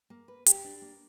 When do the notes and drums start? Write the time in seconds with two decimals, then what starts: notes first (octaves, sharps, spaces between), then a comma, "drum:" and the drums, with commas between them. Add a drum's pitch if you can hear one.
0.10 A#3
0.28 B4
0.46 G4, drum: hi-hat
0.64 D4
0.82 A#3